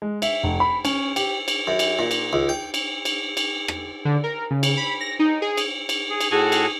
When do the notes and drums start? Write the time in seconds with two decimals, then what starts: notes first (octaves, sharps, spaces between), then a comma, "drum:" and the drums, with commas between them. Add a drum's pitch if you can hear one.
0.02 G#3
0.22 E5, drum: cymbal
0.44 F1
0.60 B5
0.85 C#4, drum: cymbal
1.16 G4, drum: cymbal
1.48 drum: cymbal
1.67 F#2
1.79 drum: cymbal
1.99 A#2
2.11 drum: cymbal
2.33 C#2
2.49 G5
2.74 drum: cymbal
3.05 drum: cymbal
3.37 drum: cymbal
3.68 drum: rim click
4.05 D3
4.24 A#4
4.51 C#3
4.63 drum: cymbal
4.77 B5
5.00 A#6
5.19 D#4
5.42 G#4
5.57 drum: cymbal
5.89 drum: cymbal
6.10 G#4
6.21 drum: cymbal
6.32 A2 F#4 G#4 A4
6.52 drum: cymbal